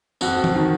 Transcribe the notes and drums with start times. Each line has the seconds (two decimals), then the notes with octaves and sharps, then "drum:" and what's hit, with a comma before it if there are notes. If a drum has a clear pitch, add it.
0.21 F2 F#4, drum: tambourine
0.44 drum: tom E3
0.55 D#3